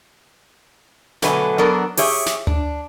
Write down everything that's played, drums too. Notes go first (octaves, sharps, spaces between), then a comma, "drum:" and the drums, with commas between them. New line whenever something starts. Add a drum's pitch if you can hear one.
B2 D3 F#3 A3 B4 G#5, drum: snare
F#3 B3 D4 A4 A#4
G4 G#4 C#5 E5, drum: open hi-hat
drum: snare
D4, drum: tom D2